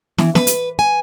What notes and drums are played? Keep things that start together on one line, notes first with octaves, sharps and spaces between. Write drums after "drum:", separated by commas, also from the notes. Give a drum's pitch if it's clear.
E3, drum: snare
B4, drum: snare
drum: hi-hat
G#5